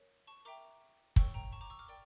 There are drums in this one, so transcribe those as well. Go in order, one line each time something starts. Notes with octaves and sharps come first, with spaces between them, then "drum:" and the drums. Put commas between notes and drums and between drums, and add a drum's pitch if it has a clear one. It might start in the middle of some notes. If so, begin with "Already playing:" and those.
Already playing: A#4 C#5
A5 C#6
A#4 E5 G5 A#5 D6
A#4 C#5 G5 C#6 E6, drum: kick
G5 A#5
A5 C#6
A#5 D6
C#6 E6
D6 F6
A#4 D5 G5